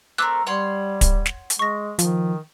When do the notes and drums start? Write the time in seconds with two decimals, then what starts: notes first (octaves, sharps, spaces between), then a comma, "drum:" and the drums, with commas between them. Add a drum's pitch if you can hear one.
0.18 A3 C4 A#4 D6 E6 F#6
0.47 G3 C#5 F#5 C6
1.01 drum: kick, hi-hat
1.26 drum: snare
1.50 drum: hi-hat
1.59 G#3 C#6 A#6
1.99 D#3 F3, drum: hi-hat